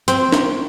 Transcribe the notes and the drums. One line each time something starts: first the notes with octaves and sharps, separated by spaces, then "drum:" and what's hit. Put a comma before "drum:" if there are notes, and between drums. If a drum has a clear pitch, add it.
C4, drum: hi-hat
drum: snare